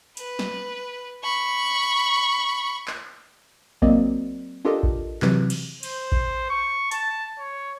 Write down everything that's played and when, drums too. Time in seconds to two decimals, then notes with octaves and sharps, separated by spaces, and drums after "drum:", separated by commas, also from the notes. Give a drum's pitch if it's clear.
0.17 B4, drum: hi-hat
0.39 drum: snare
1.23 B5 C#6
2.88 drum: clap
3.82 F#3 A#3 C4 D5 D#5, drum: kick A1
4.65 D4 F4 G4 A4 A#4 D#5
4.83 drum: kick A1
5.22 C3 E3 F#3, drum: clap
5.50 drum: cymbal
5.83 C5, drum: cymbal
6.12 drum: kick A1
6.50 C#6
6.91 A5, drum: hi-hat
7.39 C#5